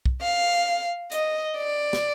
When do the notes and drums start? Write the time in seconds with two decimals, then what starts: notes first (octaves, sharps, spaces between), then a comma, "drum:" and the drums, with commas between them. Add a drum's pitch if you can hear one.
0.06 drum: kick
0.22 F5
1.12 D#5, drum: hi-hat
1.57 D5
1.93 drum: snare